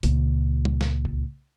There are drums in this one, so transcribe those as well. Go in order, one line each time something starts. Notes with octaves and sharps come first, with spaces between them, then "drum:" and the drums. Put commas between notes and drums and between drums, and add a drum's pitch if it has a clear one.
C#2 A#2, drum: hi-hat
drum: tom
drum: snare
drum: kick C2